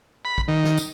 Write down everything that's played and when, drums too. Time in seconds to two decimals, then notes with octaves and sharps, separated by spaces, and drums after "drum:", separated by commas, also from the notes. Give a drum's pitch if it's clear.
0.25 B5
0.38 drum: kick
0.48 D#3
0.64 drum: snare
0.77 drum: tambourine